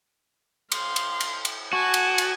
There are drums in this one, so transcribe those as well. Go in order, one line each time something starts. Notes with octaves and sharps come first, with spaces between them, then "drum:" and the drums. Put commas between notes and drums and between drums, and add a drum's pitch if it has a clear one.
F5 C6, drum: cymbal
drum: cymbal
drum: cymbal
drum: cymbal
F#4 G#5 A5
drum: cymbal
drum: cymbal